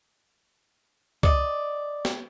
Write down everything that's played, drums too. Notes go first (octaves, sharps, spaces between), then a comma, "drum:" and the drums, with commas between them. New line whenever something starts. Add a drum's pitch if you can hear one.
D5 D#5, drum: kick
drum: snare